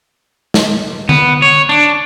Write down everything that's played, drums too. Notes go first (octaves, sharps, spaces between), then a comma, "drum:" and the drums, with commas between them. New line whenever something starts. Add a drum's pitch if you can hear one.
drum: snare
B3, drum: tom D3
C#5
D4